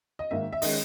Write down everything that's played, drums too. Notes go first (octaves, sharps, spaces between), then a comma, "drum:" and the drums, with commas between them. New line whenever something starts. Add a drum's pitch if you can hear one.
D#5
G#1 G#2 D#3 A#3 E5
E5
D#3 G#3 C#4 D#5, drum: open hi-hat